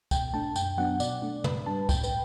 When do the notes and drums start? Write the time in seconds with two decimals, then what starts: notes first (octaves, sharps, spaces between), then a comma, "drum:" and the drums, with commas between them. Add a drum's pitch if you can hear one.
0.11 B2 G5, drum: kick, tambourine
0.33 A3 D4 A5
0.56 F#2 G5, drum: tambourine
0.78 F#3 B3 D4 F#5
1.00 B2 D5, drum: tambourine
1.22 A3 D4
1.44 B2 B4, drum: tom
1.66 G3 D4 A5
1.89 A2 G5, drum: kick, tambourine
2.04 B4, drum: tambourine